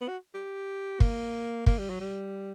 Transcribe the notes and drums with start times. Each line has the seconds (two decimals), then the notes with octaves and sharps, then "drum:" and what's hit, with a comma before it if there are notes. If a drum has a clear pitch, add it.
0.01 B3
0.08 F#4
0.34 G4
1.00 A#3, drum: kick
1.66 A#3, drum: kick
1.78 G3
1.90 F#3
2.00 G3